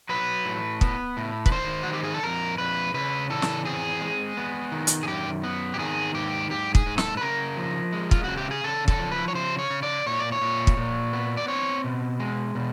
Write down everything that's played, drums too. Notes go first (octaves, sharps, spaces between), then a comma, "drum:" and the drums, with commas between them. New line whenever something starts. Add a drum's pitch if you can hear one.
F#3 B4
A2
B3, drum: kick
A2
B4, drum: kick
D#3 C5
D#3 F#4
G4
G#4
A4
F2 A#4
F2 B4
C#3 B4
E3 A4
drum: snare
C4 G#4
G#3
B3
D#3
drum: hi-hat
G#4
F#2 G4
B3
G4
D#3 G#4
G#2 G4
G#2 G4
G#4, drum: kick
G#2
A4, drum: snare
B4
C#3 A#4
F3
G#3
F4, drum: kick
C#3 F#4
G4
G#4
C#3 A4
A4, drum: kick
F3
B4
C#5
C#3 C5
C#5
C#3
D5
A#2 C#5
D5
C#5
A#2
drum: kick
A#2
B3
D5
C4 C#5
B2
G#3
B2